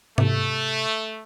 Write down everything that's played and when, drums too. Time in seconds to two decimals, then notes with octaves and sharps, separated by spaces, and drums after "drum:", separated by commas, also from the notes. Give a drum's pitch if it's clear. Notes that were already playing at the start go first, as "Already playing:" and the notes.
0.18 C3 A3, drum: tom G#2